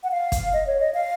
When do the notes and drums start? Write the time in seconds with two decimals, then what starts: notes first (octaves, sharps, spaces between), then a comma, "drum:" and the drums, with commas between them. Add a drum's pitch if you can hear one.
0.03 F#5
0.11 F5
0.32 drum: kick, hi-hat
0.53 D#5
0.67 C#5
0.80 D#5
0.94 F5